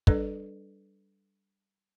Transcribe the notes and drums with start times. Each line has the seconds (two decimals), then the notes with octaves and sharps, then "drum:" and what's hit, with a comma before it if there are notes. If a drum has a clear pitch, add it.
0.07 G3 D4 A4 B4 D5, drum: kick